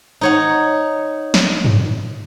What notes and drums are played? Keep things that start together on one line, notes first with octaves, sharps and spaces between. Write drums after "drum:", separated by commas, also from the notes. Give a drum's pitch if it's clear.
D#4 C#5 F#5
drum: snare
drum: tom G2